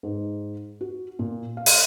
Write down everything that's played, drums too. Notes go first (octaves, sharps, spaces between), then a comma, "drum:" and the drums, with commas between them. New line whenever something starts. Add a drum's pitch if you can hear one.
G#2
F#4
A#2
F5
drum: open hi-hat